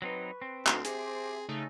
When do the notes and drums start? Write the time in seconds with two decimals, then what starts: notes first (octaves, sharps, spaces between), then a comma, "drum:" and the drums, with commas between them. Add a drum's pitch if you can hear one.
0.02 F#3 C4 D#4 B4 C#6
0.42 C4
0.67 D2 D#4 B4 C6, drum: clap
0.85 G4 G#4 C5 E5, drum: hi-hat
1.49 C#3 A3 D#4